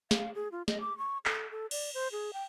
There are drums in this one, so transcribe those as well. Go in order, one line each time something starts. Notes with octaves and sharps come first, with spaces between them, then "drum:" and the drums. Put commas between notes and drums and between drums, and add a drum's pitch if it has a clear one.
F5, drum: snare
G#4
F4
D#5, drum: snare
D6
C#6
A4, drum: clap
A4
D5, drum: cymbal
C5
G#4
G5